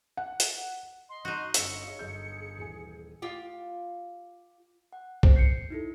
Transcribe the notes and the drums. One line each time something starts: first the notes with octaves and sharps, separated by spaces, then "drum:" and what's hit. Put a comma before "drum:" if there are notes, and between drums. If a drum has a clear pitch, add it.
F#5
drum: hi-hat
D#5 C6
D#4 F#4
G1 C#4 E6 C#7, drum: hi-hat
G#4 C#5 F5
G1 G#4 D#5 G6
D#1 E3 G#5
F4 G4
F#5
C5, drum: kick C2
G6 C7 C#7
D#4 E4 A4